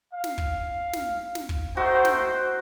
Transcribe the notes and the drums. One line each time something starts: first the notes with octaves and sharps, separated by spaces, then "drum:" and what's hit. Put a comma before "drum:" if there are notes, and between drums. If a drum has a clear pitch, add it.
F5
drum: snare
drum: kick
drum: snare
drum: snare
drum: kick
A3 D#4 F#4 C5 G5
drum: snare